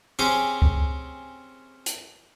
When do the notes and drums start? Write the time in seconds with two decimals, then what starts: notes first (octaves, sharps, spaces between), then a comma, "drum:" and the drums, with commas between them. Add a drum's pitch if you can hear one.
0.19 C4 C#4 G4 G#4
0.62 drum: kick C#2
1.86 drum: hi-hat